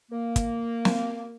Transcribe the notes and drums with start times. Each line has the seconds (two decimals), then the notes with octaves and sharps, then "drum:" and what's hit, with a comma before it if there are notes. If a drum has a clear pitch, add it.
0.11 A#3
0.36 drum: kick, hi-hat
0.85 drum: snare